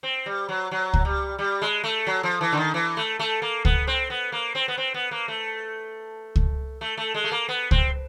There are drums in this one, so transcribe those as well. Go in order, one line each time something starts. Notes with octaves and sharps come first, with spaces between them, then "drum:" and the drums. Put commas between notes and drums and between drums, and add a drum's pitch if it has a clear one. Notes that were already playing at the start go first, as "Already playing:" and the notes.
C4
G3
F#3
F#3
drum: kick C#2
G3
G3
G#3
A3
F#3
F3
E3
D3
D#3
E3
A3
A3
A#3
B3, drum: kick C#2
C4
B3
A#3
C4
B3
C4
B3
A#3
A3
drum: kick C#2
A3
A3
G#3
A3
A#3
B3
C4, drum: kick C#2